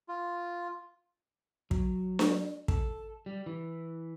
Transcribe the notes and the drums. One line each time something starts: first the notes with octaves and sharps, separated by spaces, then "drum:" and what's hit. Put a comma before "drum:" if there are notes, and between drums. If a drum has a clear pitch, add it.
F4
F#3, drum: kick
drum: snare D4
A4, drum: kick
G3
E3